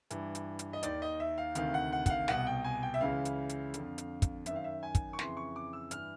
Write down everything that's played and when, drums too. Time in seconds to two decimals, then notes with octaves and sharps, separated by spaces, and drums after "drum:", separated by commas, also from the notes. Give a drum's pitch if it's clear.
0.10 G2 E3, drum: hi-hat
0.35 drum: hi-hat
0.59 drum: hi-hat
0.73 D#5
0.83 D#2 D#3 D5, drum: hi-hat
1.02 D#5
1.20 E5
1.38 F5
1.55 D2 C3 D#3 F5, drum: hi-hat
1.74 F#5
1.92 F#5
2.06 F#5, drum: kick, hi-hat
2.10 F5
2.28 C2 B2 F#5, drum: snare
2.47 G5
2.64 G#5
2.83 G5
2.94 E5
3.01 C#2 C#3 E3 F5
3.25 drum: hi-hat
3.49 drum: hi-hat
3.74 F2 D3, drum: hi-hat
3.98 drum: hi-hat
4.22 drum: kick, hi-hat
4.46 F#2 D#3 E5, drum: hi-hat
4.55 F5
4.64 E5
4.83 G#5
4.95 drum: kick, hi-hat
5.13 C#6
5.19 F2 C#3 E3 C6, drum: snare
5.37 C#6
5.56 D6
5.73 E6
5.91 G2 E3 F6, drum: hi-hat